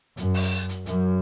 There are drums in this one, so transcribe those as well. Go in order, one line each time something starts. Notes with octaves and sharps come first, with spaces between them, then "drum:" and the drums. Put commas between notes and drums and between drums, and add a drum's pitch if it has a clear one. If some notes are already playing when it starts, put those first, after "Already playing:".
F#2, drum: hi-hat
drum: open hi-hat
drum: hi-hat
F#2, drum: hi-hat